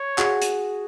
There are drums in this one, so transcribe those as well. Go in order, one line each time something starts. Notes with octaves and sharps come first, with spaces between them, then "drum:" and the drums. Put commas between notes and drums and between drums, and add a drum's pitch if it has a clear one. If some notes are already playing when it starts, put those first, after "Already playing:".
Already playing: C#5
F#4 G#4, drum: clap
drum: hi-hat